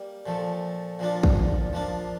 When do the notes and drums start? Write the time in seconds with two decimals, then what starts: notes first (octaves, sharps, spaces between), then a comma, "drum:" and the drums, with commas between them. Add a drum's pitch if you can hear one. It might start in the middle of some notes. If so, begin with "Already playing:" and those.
Already playing: G3 A#3
0.26 A#2 F3 A3
0.99 A#2 F3 A#3 D4 F4
1.23 drum: kick
1.73 F3 A#3 D4 F4